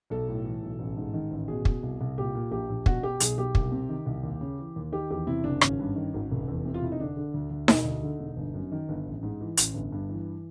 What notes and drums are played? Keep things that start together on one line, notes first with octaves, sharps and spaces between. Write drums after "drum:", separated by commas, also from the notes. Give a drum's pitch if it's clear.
B1 A4
A2
E3
B1
A1
G#2
D#3
A1
B2 G#4
B2, drum: kick
C2
C2
A#2 G4
A#2
A#1 G4
A#1
B2 F#4, drum: kick
B2 G4
B1 G#4, drum: hi-hat
B1 G4
C2, drum: kick
C3
D#3
C2
D#2
C#3
E3
D#2
D#3 G4
E2 G4
C3 E4
F#1 D4
G#1 C#4, drum: rim click
G2
D#3
G#1
F1
E2
C3
F4
F1 E4
D#4
D3 D4
D3
D2
D2
E1 D#4, drum: snare D#4
D2
D3
E1
G1
F#2
D#3
G1
A1
G#2
E3
A1, drum: hi-hat
G1
G2
E3